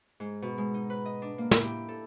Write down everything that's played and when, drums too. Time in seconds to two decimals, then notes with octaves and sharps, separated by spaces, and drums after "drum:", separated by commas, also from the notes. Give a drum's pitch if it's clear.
0.20 G#2
0.42 B2
0.58 G#3
0.74 D#4
0.90 B4
1.06 D#5
1.22 D4
1.38 A#3
1.51 E4, drum: snare
1.64 G4
1.89 A4